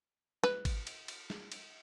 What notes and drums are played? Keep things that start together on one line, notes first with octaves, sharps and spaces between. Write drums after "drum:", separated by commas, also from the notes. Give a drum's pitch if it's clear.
B4, drum: snare
drum: kick G#1, cymbal
drum: cymbal
drum: cymbal
drum: snare
drum: cymbal